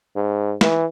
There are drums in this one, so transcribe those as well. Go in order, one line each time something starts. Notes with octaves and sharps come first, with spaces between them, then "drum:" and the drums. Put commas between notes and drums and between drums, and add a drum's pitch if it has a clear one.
G#2
E3, drum: snare